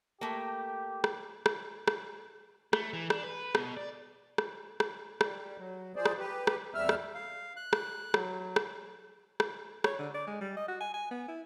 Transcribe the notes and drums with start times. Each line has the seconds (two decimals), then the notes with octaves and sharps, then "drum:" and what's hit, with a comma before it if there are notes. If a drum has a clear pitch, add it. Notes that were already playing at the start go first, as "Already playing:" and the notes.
0.21 A3 A#3 G4
1.04 drum: rim click
1.46 drum: rim click
1.88 drum: rim click
2.73 A3, drum: rim click
2.93 E3
3.10 D4, drum: rim click
3.23 B4
3.55 B2, drum: rim click
3.77 D5
4.38 drum: rim click
4.80 drum: rim click
5.21 G3, drum: rim click
5.58 F#3
5.96 F3 G#4 C5 D5
6.06 drum: rim click
6.19 G4 B4
6.47 drum: rim click
6.75 E2 C3 G3 E5 E6 F6
6.89 drum: rim click
7.14 F5
7.56 F#6
7.73 drum: rim click
8.14 F#3, drum: rim click
8.56 drum: rim click
9.40 drum: rim click
9.84 C#5, drum: rim click
9.99 D3
10.14 D5
10.27 G#3
10.41 G3
10.57 D#5
10.68 F#4
10.81 G#5
10.94 G#5
11.11 B3
11.28 E4